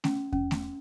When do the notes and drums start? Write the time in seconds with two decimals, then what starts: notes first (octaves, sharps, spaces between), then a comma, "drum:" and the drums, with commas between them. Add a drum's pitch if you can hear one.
0.04 C#4, drum: snare A3
0.33 C#4, drum: kick E2
0.51 drum: snare A3